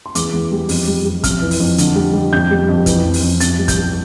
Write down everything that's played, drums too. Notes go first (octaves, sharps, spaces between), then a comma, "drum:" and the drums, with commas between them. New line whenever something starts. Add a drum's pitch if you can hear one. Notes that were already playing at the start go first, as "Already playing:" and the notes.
C6
E2 D6, drum: hi-hat
E2
G3
F2, drum: open hi-hat
G3
G3
F2 F6, drum: kick, hi-hat
E3
drum: open hi-hat
F2
D3, drum: hi-hat
G3
G3
F2 G6
G3
F2
E3, drum: kick, hi-hat
F2
drum: open hi-hat
F2
F2 A6, drum: hi-hat
G3
G6, drum: kick, hi-hat
G3